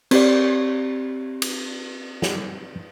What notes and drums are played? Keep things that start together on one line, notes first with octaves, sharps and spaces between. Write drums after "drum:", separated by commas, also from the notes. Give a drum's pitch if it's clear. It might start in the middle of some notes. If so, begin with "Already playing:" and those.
C4 G4 D5, drum: cymbal
drum: cymbal
drum: snare